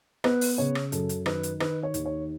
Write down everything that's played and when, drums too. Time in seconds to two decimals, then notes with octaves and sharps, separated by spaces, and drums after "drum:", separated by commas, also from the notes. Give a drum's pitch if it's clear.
0.24 B3 B4, drum: rim click
0.41 drum: open hi-hat
0.58 C#3 C#5
0.75 drum: rim click
0.92 F#2 A4, drum: hi-hat
1.09 drum: hi-hat
1.26 D#3 B4, drum: rim click
1.43 drum: hi-hat
1.60 D#3 B4, drum: rim click
1.83 C#5
1.94 D#2, drum: hi-hat
2.05 C#5